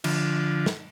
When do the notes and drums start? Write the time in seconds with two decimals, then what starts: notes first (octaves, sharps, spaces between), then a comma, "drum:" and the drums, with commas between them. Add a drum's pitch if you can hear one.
0.04 D3 F3, drum: cymbal
0.66 drum: snare